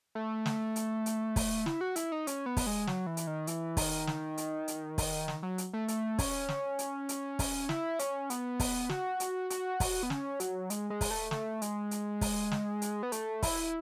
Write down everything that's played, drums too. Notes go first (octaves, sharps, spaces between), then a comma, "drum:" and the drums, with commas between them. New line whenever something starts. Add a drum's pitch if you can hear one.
A3
drum: snare
drum: hi-hat
drum: hi-hat
drum: kick, open hi-hat
E4, drum: snare
F#4
E4, drum: hi-hat
D#4
C#4, drum: hi-hat
B3
drum: kick, open hi-hat
G#3
F#3, drum: snare
E3
drum: hi-hat
D#3
E3, drum: hi-hat
D#3, drum: kick, open hi-hat
drum: snare
drum: hi-hat
drum: hi-hat
drum: kick, open hi-hat
drum: snare
F#3
drum: hi-hat
A3
A3, drum: hi-hat
C#4, drum: kick, open hi-hat
drum: snare
drum: hi-hat
drum: hi-hat
drum: kick, open hi-hat
E4, drum: snare
C#4, drum: hi-hat
B3, drum: hi-hat
drum: kick, open hi-hat
F#4, drum: snare
drum: hi-hat
F#4, drum: hi-hat
drum: kick, open hi-hat
B3
C#4, drum: snare
F#3, drum: hi-hat
G#3, drum: hi-hat
G#3
drum: kick, open hi-hat
A3
A3, drum: snare
G#3, drum: hi-hat
drum: hi-hat
drum: kick, open hi-hat
drum: snare
drum: hi-hat
B3
A3, drum: hi-hat
E4, drum: kick, open hi-hat